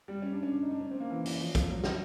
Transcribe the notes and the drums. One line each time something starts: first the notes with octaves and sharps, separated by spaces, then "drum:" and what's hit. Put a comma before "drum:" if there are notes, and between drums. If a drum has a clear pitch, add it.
G3
C#4
D4
C#4
D4
D#4
D4
C#4
C4
A#3
E3
E3, drum: open hi-hat
F3
F3, drum: kick B1, hi-hat
F#3
F#3, drum: snare